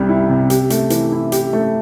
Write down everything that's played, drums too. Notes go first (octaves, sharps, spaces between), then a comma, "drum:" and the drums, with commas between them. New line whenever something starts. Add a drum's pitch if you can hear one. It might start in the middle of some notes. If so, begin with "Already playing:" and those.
Already playing: C2 C3 G3
E4
C3
G4, drum: hi-hat
A3, drum: hi-hat
E3, drum: hi-hat
E4
G4, drum: hi-hat
A3